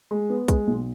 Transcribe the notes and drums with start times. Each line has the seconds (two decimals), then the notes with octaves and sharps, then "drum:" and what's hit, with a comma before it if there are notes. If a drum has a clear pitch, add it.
0.11 G#3
0.30 B3
0.48 G#3, drum: kick, hi-hat
0.67 B1